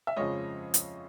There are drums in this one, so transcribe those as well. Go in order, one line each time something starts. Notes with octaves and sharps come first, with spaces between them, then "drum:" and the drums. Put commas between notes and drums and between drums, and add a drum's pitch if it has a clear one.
E5
F2 C#3 F3 G#3 C#5 D#5
drum: hi-hat